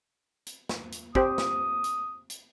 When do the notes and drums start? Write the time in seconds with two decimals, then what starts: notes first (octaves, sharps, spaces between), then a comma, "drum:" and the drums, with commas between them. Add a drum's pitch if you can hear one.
0.47 drum: hi-hat
0.69 drum: snare
0.92 drum: hi-hat
1.15 C4 G4 C5 D#6, drum: kick
1.38 drum: snare
1.84 drum: hi-hat
2.30 drum: hi-hat